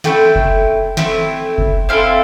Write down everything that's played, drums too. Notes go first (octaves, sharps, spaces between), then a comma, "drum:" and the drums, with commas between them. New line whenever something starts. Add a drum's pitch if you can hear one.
A3 C4 E4 G5, drum: snare
drum: kick F1
A3 C4 E4, drum: snare
drum: kick F1
C4 E4 A4 F5